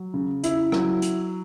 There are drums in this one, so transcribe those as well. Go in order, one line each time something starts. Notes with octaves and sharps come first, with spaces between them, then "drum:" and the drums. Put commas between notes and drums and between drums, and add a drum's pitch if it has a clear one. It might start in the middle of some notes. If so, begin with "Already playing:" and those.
Already playing: F#3
C#3
E4, drum: hi-hat
F#3, drum: rim click
drum: hi-hat